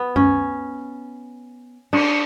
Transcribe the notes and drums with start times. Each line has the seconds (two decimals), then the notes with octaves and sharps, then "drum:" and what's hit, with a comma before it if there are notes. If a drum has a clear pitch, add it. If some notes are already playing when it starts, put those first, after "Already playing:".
Already playing: B3
0.16 C#4, drum: tom F#2
1.93 D4, drum: cymbal